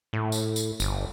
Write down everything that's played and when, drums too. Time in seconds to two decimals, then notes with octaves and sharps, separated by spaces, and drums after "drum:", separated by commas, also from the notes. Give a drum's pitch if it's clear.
0.13 A2
0.32 drum: tambourine
0.56 drum: tambourine
0.80 G1, drum: tambourine